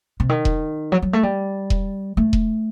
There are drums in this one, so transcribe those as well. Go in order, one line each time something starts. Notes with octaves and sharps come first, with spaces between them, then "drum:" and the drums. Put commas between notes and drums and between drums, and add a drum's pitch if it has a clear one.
C3
D#3
drum: kick E1
F#3
F#3
A3
G3
drum: kick E1
A3
drum: kick E1